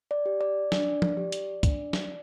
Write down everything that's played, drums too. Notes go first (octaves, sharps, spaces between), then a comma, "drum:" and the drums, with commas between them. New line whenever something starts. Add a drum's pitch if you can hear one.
D5
G4
D5
D4, drum: snare
drum: tom
G4
drum: hi-hat
D4, drum: kick, hi-hat
drum: snare